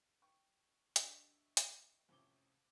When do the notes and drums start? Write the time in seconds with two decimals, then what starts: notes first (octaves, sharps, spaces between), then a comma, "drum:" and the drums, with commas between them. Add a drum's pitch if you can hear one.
0.22 G5 C#6
0.96 D4 G4 C#5 D#5 E5, drum: hi-hat
1.57 drum: hi-hat
2.09 F2 A2 C3 C#4 D6 G7